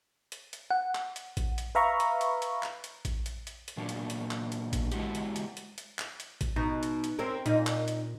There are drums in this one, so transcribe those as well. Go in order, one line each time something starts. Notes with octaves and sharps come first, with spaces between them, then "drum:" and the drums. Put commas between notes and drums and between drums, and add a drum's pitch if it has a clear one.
drum: hi-hat
drum: hi-hat
F#5
drum: clap
drum: hi-hat
drum: kick A1, hi-hat
drum: hi-hat
B4 E5 F5 A#5 B5 C#6
drum: hi-hat
drum: hi-hat
drum: hi-hat
drum: clap
drum: hi-hat
drum: kick A1, hi-hat
drum: hi-hat
drum: hi-hat
drum: hi-hat
A#2 F#3 A#3 D4
drum: hi-hat
drum: hi-hat
drum: clap
drum: hi-hat
drum: kick A1, hi-hat
G#3 E4 F#4 G4, drum: hi-hat
drum: hi-hat
drum: hi-hat
drum: hi-hat
drum: hi-hat
drum: clap
drum: hi-hat
drum: kick A1, hi-hat
B2 D#4
drum: hi-hat
drum: hi-hat
C4 C#4 A#4
A#2 D#4, drum: hi-hat
drum: clap
drum: hi-hat